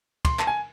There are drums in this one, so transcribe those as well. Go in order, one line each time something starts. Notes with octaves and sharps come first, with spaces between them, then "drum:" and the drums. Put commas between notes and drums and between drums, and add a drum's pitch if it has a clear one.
C6, drum: kick, cymbal
A5, drum: clap
G#5